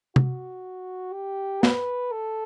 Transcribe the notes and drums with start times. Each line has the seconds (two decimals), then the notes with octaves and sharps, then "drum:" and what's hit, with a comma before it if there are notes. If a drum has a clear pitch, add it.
0.16 F#4, drum: tom C3
1.13 G4
1.63 B4, drum: snare
2.12 A4